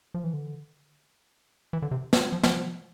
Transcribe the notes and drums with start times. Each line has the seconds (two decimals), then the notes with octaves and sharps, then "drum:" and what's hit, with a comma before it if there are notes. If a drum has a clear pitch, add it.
0.14 F3
0.24 E3
0.34 D3
1.73 E3
1.82 D3
1.91 C3
2.13 drum: snare
2.32 F3
2.43 F3, drum: snare